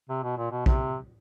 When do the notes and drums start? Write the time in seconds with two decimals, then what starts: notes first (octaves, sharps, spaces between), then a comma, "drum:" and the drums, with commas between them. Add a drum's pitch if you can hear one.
0.09 C3
0.23 B2
0.38 A#2
0.51 B2
0.66 C3, drum: kick